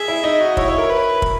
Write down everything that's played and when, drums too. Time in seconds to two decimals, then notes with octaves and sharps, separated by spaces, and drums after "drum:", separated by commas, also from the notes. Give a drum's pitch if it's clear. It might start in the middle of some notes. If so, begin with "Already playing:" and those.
Already playing: G#4 E5
0.08 E4
0.24 D#4 D#5
0.41 F#4
0.57 E4 C#5, drum: kick
0.68 E4
0.78 A#4
0.89 B4
1.22 drum: kick